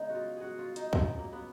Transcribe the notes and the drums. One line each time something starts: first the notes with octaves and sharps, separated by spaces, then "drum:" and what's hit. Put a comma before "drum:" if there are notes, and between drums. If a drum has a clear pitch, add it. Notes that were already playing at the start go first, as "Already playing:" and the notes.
Already playing: C#3 G#3 B3 D#4
F#4
F4
F#4 G#4
F4
D#4, drum: hi-hat
C#3 F#3 F4, drum: kick
A#3
B3